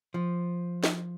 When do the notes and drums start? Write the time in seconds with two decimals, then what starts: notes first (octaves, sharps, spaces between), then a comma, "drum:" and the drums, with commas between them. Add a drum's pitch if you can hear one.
0.14 F3
0.84 drum: snare